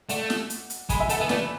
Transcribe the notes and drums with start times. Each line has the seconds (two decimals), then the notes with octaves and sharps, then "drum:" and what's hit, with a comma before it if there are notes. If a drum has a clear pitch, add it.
0.09 A3 D5 F#5, drum: hi-hat
0.30 drum: snare
0.50 drum: hi-hat
0.70 drum: hi-hat
0.89 G#3 G#5 B5, drum: kick, hi-hat
1.00 E5 G#5
1.09 A3 F#5 A5, drum: hi-hat
1.20 B3 E5 G#5
1.29 A3 B4 D5, drum: snare